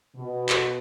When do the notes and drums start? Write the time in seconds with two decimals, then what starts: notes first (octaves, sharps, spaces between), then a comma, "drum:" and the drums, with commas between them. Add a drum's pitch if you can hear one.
0.15 B2
0.49 drum: clap